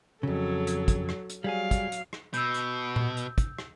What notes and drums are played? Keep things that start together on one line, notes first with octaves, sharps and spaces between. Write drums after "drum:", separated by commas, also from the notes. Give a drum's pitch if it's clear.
F2 C#3 F#3 A4
drum: hi-hat
drum: kick, hi-hat
drum: rim click
drum: hi-hat
F#3 G3 G#4 F5 G#5
drum: kick, hi-hat
drum: hi-hat
drum: rim click
B2 E6 G6, drum: hi-hat
drum: hi-hat
drum: tom A#2
drum: hi-hat
drum: kick, hi-hat
drum: rim click